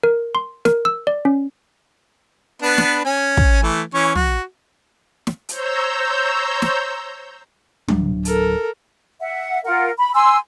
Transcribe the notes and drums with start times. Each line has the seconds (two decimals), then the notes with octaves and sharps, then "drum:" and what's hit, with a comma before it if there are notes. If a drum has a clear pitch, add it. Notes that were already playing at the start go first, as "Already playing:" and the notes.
0.03 A#4
0.35 C6
0.65 A#4, drum: snare
0.85 E6
1.07 D5
1.25 C#4
2.62 B3 D4 B4
2.78 drum: snare
3.05 C#4 G#5
3.37 drum: kick
3.63 E3 A3
3.94 E3 C#4 C#6
4.15 F#4, drum: tom
5.27 drum: snare
5.49 C5 C#5 A#5 E6 G6, drum: hi-hat
6.62 drum: snare
7.88 D1 F#3 D4, drum: tom
8.25 A4 A#4, drum: hi-hat
9.20 E5 F#5
9.65 F4 A#4 F#5
9.97 B5
10.14 G#5 C6 E6